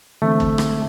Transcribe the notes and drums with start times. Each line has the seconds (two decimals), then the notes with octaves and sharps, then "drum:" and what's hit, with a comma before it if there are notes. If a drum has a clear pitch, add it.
0.22 D3 E3 A3 C4
0.40 drum: kick
0.58 drum: rim click